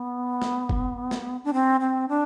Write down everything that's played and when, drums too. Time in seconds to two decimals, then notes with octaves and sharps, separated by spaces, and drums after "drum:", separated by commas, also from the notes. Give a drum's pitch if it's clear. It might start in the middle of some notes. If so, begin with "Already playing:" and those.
Already playing: B3
0.42 drum: snare
0.69 drum: kick F#1
1.11 drum: snare
1.44 D4
1.53 C4
1.80 C4
2.09 D4